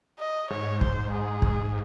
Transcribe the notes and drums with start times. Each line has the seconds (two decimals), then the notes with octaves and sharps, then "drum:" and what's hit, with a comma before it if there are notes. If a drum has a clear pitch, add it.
0.20 D#5
0.51 G#2 C#5
0.81 C5, drum: kick
1.11 G#4
1.42 drum: kick